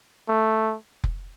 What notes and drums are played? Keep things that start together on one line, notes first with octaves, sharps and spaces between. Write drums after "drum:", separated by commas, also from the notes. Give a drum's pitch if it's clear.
A3
drum: kick F1